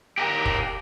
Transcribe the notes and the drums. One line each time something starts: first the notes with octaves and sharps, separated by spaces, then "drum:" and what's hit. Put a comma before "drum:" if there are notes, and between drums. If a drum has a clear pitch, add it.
G4 A#4
drum: kick